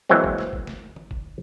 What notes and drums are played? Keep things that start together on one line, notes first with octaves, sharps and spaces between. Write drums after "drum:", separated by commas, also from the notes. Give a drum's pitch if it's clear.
E3 F#3 G#3 A#3 C4
drum: kick G1
drum: snare
drum: kick G1
drum: snare
drum: tom
drum: kick G1